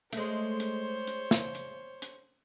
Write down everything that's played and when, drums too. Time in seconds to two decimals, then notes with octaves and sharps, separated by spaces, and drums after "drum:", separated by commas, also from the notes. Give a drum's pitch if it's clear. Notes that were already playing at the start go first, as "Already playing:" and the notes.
0.13 G#3 A3 C5 C#5, drum: hi-hat
0.60 drum: hi-hat
1.07 drum: hi-hat
1.31 drum: snare
1.55 drum: hi-hat
2.02 drum: hi-hat